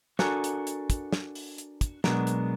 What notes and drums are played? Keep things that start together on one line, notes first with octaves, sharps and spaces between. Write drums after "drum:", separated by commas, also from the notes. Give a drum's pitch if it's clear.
D4 F#4 A4 A#4 F#5 G#5, drum: snare
drum: hi-hat
drum: hi-hat
drum: kick, hi-hat
drum: snare
drum: open hi-hat
drum: hi-hat
drum: kick, hi-hat
B2 F#3 G#3 B3 D4 A#4, drum: snare
drum: hi-hat